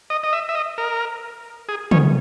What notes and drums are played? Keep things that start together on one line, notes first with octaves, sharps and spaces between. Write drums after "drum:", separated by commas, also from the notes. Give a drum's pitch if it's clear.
D#5
D#5
E5
E5
D#5
A#4
G#4
C#4, drum: tom